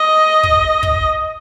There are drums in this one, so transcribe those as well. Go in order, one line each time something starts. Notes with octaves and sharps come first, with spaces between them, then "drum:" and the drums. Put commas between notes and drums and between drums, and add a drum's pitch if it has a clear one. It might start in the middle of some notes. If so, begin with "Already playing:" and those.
Already playing: D#5
drum: kick
drum: kick